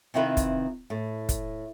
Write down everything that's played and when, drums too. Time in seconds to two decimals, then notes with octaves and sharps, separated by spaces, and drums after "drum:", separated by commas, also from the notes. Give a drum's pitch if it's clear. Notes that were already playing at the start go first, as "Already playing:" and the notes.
0.14 C3 D#3 C4 E4 F4 B4
0.37 drum: kick, hi-hat
0.90 A2
1.29 drum: kick, hi-hat